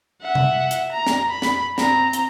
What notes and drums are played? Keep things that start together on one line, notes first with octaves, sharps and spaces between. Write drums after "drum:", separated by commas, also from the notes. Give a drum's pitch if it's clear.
E5 F#5
drum: tom C3
drum: hi-hat
A#5
drum: snare
B5
drum: snare
C4 A#5, drum: snare
drum: hi-hat